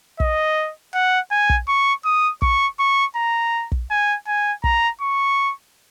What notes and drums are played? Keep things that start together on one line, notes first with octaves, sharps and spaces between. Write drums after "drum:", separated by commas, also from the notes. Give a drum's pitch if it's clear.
D#5, drum: kick
F#5
G#5
drum: kick
C#6
D#6
C#6, drum: kick
C#6
A#5
drum: kick
G#5
G#5
A#5, drum: kick
C#6